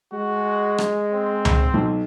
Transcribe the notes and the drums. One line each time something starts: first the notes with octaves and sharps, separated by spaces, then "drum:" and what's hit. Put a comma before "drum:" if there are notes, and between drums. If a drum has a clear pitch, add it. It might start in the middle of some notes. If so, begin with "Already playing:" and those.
G#3 F#4
drum: rim click
C4
drum: tom C#2
B1